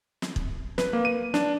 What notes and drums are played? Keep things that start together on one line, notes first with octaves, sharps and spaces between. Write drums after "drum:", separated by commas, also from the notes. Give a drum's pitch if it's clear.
drum: snare
drum: kick
B4, drum: snare
A#3
D#7
D4, drum: snare